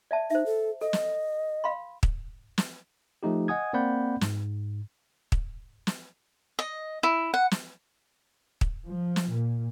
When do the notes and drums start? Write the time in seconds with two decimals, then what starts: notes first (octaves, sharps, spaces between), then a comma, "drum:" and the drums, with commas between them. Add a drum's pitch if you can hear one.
0.11 D5 E5 A5
0.30 D#4 C5 E5
0.46 A4
0.81 A4 D#5
0.93 drum: snare
1.64 F5 B5 C6
2.03 drum: kick
2.58 drum: snare
3.23 F3 A3 D#4 G4
3.48 D#5 F#5 G#5 D#6 G#6
3.73 A#3 C4 D5 F#5 B5 G6
4.21 G#2, drum: snare
5.32 drum: kick
5.87 drum: snare
6.59 D#5
7.03 E4
7.34 F#5
7.51 drum: snare
8.61 drum: kick
8.87 F3
9.16 drum: snare
9.30 A#2